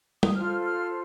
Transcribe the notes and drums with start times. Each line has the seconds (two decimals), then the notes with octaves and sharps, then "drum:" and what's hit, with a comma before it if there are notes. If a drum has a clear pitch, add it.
0.23 D#6, drum: tom
0.35 F4 A4 C5 F6
0.66 F6